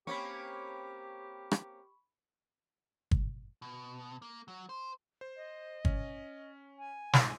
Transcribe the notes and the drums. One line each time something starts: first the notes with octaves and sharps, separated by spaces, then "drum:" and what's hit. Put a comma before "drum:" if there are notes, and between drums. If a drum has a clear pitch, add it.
A#3 C4 C#4 G4 B5 C#6
drum: rim click
drum: kick G1
B2
A#3
F#3
C5
C5
D#5
C#4, drum: kick G1
G#5
C2 G#2, drum: snare